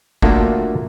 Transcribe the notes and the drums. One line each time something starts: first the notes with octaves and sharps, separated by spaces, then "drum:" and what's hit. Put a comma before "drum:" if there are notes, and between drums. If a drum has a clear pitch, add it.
A3 A#3 D4 F4 F#4, drum: kick